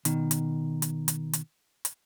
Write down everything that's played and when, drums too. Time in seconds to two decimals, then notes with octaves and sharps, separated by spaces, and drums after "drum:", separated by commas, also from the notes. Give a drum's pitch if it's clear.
0.05 B2 D#3, drum: hi-hat
0.31 drum: hi-hat
0.82 drum: hi-hat
1.08 drum: hi-hat
1.33 drum: hi-hat
1.85 drum: hi-hat